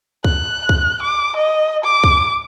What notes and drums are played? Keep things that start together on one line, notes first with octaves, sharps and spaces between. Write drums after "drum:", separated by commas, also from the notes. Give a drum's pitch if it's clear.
F#6, drum: kick
drum: kick
D6
D#5
D6
drum: kick